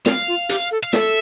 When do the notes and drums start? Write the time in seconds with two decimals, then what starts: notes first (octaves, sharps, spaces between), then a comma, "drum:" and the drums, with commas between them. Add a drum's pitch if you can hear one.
0.06 C4 F5, drum: snare
0.28 F4
0.49 G4, drum: hi-hat
0.71 A4
0.83 F5
0.93 A4 E5, drum: snare